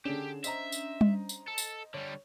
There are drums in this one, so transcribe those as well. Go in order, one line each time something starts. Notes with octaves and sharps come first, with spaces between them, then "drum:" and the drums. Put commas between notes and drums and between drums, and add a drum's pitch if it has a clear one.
D3 C#4 D4 G4 G#4 E7
C5 D#5 E5 A#5, drum: tambourine
drum: tambourine
drum: tom G3
drum: tambourine
A4
drum: tambourine
D3 G3 C#5